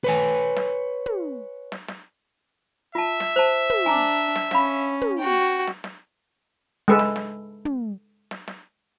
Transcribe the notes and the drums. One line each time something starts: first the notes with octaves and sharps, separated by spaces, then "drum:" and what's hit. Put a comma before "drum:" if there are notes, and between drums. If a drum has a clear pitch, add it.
B4 C#5 G#5
drum: snare
drum: tom
drum: snare
drum: snare
F4 E5 A5
drum: snare
C5 A5
drum: tom
D4 G#5 A#5 D6
drum: snare
C#4 F5 B5, drum: snare
drum: tom
F#4 G5
drum: snare
drum: snare
G#3 A4 B4
drum: snare
drum: snare
drum: tom
drum: snare
drum: snare